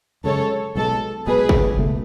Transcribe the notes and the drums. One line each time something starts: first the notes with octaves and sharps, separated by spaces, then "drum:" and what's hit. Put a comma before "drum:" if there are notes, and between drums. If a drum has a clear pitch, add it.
F#2 C#3 G#3 A4 C#5
B1 B2 G#3 A4
B1 B2 G#3 G#4 B4
drum: kick
C#2 B2 A3